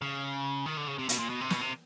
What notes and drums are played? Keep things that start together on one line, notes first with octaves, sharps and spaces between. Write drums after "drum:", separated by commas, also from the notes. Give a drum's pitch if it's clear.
C#3
D#3
D3
C#3
C3
B2, drum: hi-hat
A#2
B2
C3
B2, drum: snare
C3